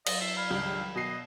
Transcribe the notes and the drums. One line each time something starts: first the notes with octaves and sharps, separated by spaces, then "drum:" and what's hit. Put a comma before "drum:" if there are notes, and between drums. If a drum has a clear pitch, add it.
F#2 C5 D#5 F#5 A6, drum: cymbal
E4 E5 C7
F5 B5 G#6 B6
C#2 G2 D#3 F#3
B2 D#5 C7